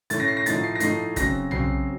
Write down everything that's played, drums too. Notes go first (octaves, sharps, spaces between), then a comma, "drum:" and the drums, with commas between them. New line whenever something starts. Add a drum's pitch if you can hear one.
A2 A3 C#4 A6, drum: hi-hat
A#6
C7
A#6
A2 F3 A3 D#4 A6, drum: hi-hat
C7
A#6
A2 F3 A3 D#4 C7, drum: hi-hat
C#3 F#3 C4 A#6, drum: kick, hi-hat
C#3 F#3 C4 C7, drum: tom B1